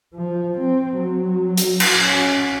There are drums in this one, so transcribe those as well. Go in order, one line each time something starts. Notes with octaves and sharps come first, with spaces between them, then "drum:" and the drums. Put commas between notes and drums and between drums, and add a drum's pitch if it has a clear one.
F3
C4
F#3
drum: hi-hat
drum: cymbal
C#4